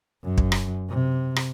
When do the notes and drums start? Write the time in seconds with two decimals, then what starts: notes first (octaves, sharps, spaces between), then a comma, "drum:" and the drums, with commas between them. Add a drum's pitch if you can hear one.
0.24 F#2
0.38 drum: kick
0.52 drum: rim click
0.89 C3
1.36 drum: rim click